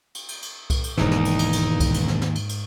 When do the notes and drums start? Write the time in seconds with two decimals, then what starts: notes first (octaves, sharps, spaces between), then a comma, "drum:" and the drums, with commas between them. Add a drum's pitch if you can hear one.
0.15 drum: cymbal
0.29 drum: cymbal
0.42 drum: cymbal
0.70 drum: kick C2, cymbal
0.84 drum: cymbal
0.97 E1 D#2 G#2 E3 D#4, drum: snare
1.11 drum: snare
1.25 drum: cymbal
1.39 drum: cymbal
1.53 drum: cymbal
1.80 drum: kick C2, cymbal
1.94 drum: cymbal
2.08 drum: snare
2.22 drum: snare
2.35 drum: cymbal
2.49 drum: cymbal